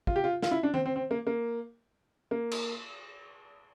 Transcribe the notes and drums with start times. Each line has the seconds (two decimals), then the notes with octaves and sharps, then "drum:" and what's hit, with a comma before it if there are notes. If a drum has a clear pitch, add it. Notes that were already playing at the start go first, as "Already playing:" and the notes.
0.07 F4, drum: kick
0.16 G4
0.24 F4
0.42 F4, drum: snare
0.51 E4
0.63 D4
0.74 C4, drum: tom D#3
0.86 C4
0.96 C4
1.11 A#3
1.27 A#3
2.31 A#3
2.51 drum: cymbal